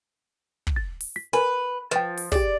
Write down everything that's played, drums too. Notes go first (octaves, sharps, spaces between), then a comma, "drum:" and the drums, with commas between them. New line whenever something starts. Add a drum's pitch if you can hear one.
drum: kick
A6
drum: open hi-hat
B6
A#4 B4 G#5
F3 B4 G5
drum: open hi-hat
G4 G#4 D5, drum: kick